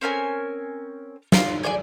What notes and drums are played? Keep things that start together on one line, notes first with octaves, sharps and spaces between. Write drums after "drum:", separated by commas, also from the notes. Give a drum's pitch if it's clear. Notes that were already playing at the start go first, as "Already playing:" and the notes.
C4 C#4 A#4 G#5
F4, drum: snare
G#4 D5 D#5 G#5